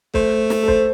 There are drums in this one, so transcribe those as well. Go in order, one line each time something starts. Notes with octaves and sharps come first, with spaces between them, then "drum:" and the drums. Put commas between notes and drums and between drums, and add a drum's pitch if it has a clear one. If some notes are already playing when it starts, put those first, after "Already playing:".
A3 C5, drum: kick
drum: snare
A4
C5, drum: kick